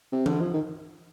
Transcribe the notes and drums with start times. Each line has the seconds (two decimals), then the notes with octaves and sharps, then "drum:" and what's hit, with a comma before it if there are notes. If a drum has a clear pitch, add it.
0.12 C3
0.26 D3, drum: tom E3
0.41 F3
0.54 D#3